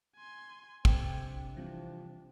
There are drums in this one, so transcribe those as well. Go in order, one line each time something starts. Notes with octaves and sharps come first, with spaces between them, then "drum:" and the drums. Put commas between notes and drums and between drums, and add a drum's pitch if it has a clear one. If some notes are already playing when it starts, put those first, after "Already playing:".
G#5 C6
C3 C4 A4 G#5, drum: kick
D4
E3 F3 G3 C4